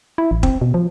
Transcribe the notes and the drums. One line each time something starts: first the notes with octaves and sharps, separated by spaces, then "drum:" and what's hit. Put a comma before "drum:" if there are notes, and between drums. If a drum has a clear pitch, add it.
E4
A1
C4, drum: kick
B2
F3